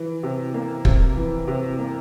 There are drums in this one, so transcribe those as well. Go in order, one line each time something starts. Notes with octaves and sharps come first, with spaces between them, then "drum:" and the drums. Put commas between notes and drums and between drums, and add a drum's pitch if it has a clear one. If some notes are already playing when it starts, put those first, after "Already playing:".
Already playing: E3
C3
A#3
C3, drum: kick
E3
C3
A#3